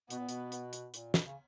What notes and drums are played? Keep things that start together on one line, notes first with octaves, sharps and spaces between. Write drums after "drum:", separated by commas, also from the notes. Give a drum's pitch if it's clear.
B2 B3, drum: hi-hat
A#2
B2, drum: hi-hat
drum: hi-hat
drum: hi-hat
A#2, drum: hi-hat
B2, drum: snare
C#3